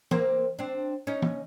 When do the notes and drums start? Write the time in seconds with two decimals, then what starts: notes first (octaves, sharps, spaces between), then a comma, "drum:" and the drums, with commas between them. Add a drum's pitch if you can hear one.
0.11 A#3 C4, drum: tom E3
0.59 C4 D4
1.07 C#4 D#4
1.22 drum: tom E3